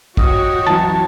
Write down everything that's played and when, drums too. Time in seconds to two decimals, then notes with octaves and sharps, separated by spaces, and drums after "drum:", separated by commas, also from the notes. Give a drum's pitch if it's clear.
0.17 F#4 G4 C#5 D#5, drum: kick
0.67 F#2 E3 A5